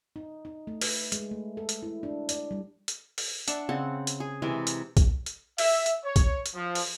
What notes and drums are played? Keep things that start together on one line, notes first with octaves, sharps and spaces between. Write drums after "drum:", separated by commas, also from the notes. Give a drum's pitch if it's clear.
D#4
D#4
A3
B4, drum: open hi-hat
G#3, drum: hi-hat
A3
A4
drum: hi-hat
E4
D4
D5, drum: hi-hat
G3
drum: hi-hat
drum: open hi-hat
D4 E5 F#5 A5, drum: hi-hat
C#3 C4 F#5
drum: hi-hat
G#4
C3 E3 G#3 A#4
drum: hi-hat
drum: kick A#1, hi-hat
drum: hi-hat
E5, drum: open hi-hat
drum: hi-hat
C#5
drum: kick A#1, hi-hat
drum: hi-hat
F3
drum: open hi-hat